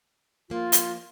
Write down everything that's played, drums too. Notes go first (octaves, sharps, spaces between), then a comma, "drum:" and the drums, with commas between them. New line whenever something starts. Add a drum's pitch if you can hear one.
F3 A#3 F4
drum: hi-hat